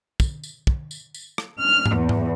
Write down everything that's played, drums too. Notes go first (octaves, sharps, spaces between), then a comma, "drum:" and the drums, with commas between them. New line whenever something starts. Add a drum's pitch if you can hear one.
drum: kick, tambourine
drum: tambourine
drum: kick
drum: tambourine
drum: tambourine
drum: rim click
F6
drum: tom G#2
E2
drum: tom G#2